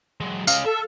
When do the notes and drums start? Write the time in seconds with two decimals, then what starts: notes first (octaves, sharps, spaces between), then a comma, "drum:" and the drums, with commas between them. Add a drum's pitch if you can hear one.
0.21 F#3 G#3
0.47 C#4 D#5 F5, drum: tambourine
0.66 A4 E5